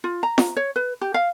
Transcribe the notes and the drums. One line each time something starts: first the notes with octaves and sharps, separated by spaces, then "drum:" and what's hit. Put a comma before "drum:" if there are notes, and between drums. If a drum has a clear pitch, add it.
F4
A#5
drum: snare F4
C#5
B4
G4
F5